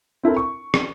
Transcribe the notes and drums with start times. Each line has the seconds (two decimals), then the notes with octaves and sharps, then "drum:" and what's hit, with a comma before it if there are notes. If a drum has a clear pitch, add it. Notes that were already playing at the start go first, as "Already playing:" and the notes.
0.23 C4 E4 A4 A#4
0.37 C#6
0.74 drum: rim click